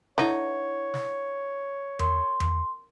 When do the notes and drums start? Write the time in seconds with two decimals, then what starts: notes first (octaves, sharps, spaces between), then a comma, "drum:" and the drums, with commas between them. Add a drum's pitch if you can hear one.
0.18 D3 D#4 E4 B4 C#5 E5, drum: snare
0.94 drum: snare
1.99 A#4 C6, drum: tom E2
2.40 drum: tom E2